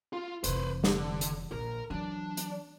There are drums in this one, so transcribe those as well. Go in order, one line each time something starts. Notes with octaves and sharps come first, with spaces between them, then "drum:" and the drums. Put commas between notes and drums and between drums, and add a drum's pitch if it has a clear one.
F4
F1 E3 B4 C5, drum: hi-hat
D3, drum: snare
drum: hi-hat
A#1 A#4
E3 F#3 D4
drum: hi-hat